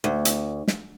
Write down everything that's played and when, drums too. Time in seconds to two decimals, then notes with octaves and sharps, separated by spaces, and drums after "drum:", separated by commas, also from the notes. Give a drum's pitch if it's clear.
0.04 D2
0.25 drum: hi-hat
0.68 drum: snare